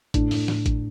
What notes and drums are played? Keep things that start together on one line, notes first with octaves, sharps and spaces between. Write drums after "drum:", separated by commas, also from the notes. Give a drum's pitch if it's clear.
A2 D4, drum: kick G#1, hi-hat
A2, drum: open hi-hat
A2, drum: snare
drum: kick G#1, hi-hat